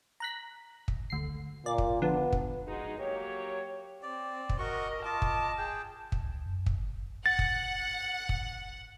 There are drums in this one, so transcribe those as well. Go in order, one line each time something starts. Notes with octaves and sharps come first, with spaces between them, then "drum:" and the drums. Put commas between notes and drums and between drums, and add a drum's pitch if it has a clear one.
A#5 F#6 B6
drum: kick
D2 C7
A#2 D5
drum: kick
D3 F3 B3
drum: kick
G#3 D#4 F#4
F#3 A#3 G4 C#5
C4 D5
drum: kick
F#4 A#4 D#5 C#6
F4 D#5 A5 D6
drum: kick
G#4 G5
drum: kick
C#2
F#2
drum: kick
G1
F#5 A6
drum: kick
drum: kick